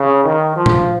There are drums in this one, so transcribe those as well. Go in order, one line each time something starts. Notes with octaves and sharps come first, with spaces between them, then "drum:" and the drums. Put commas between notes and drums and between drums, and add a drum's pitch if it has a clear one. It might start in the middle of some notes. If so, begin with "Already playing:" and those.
Already playing: C#3
D#3
F3
drum: tom A#2